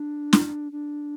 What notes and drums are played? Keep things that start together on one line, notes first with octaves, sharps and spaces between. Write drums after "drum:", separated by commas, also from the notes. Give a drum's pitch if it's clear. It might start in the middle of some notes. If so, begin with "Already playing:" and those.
Already playing: D4
drum: snare
D4